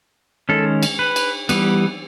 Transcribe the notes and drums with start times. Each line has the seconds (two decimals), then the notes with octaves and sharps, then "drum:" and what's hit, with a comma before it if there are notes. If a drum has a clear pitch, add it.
0.49 D#3 G#3 C#4 A4
0.83 drum: cymbal
0.99 B4
1.16 drum: cymbal
1.49 E3 G3 B3, drum: cymbal